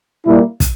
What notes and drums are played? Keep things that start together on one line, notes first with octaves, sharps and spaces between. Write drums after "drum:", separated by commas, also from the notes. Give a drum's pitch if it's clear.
A#2 G3 A#3 E4
drum: kick, hi-hat